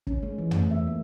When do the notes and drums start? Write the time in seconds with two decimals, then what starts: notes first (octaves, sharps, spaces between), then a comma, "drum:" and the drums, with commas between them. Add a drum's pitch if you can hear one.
0.07 C#4, drum: kick
0.23 G#3
0.38 E3
0.51 A3, drum: tom
0.71 E5
0.87 A#3